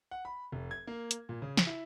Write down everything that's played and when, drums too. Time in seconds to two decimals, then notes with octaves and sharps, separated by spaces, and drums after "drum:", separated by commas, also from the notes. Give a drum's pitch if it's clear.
0.11 F#5
0.25 B5
0.52 F1
0.71 G#6
0.87 A#3
1.11 drum: hi-hat
1.29 A#2
1.42 C#3
1.57 drum: snare
1.67 E4